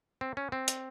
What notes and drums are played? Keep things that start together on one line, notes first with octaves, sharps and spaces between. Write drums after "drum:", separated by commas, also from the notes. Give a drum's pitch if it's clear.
C4
C#4
C4
drum: hi-hat